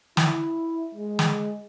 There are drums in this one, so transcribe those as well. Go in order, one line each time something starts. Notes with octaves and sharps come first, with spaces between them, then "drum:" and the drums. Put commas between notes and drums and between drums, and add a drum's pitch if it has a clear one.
E4, drum: snare
G#3
drum: snare